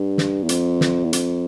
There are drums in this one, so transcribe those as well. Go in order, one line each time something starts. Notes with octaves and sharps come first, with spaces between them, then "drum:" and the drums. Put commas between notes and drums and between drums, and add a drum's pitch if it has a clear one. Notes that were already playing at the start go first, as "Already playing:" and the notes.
Already playing: G2
drum: snare
E2
F2, drum: hi-hat
drum: snare
E2
F2, drum: hi-hat